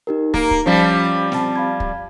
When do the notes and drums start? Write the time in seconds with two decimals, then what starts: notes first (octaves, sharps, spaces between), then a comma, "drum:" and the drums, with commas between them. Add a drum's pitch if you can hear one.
0.07 D#4 G4 A#4
0.34 A#3, drum: kick
0.51 drum: kick
0.66 F3 G3 C#4 F5
1.32 C4 A5, drum: snare
1.56 F5 B5 G#6
1.80 drum: kick